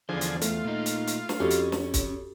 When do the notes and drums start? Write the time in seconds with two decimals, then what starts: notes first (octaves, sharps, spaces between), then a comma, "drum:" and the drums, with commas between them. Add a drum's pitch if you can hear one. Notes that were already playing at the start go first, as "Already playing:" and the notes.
0.09 E2 D3 F3 G#4 C5
0.21 drum: hi-hat
0.42 A3 F4, drum: hi-hat
0.64 A#2 D#4
0.86 drum: hi-hat
1.07 drum: hi-hat
1.29 drum: snare
1.40 F2 C#4 F#4 G4 A4
1.51 drum: hi-hat
1.72 drum: snare
1.94 drum: kick, hi-hat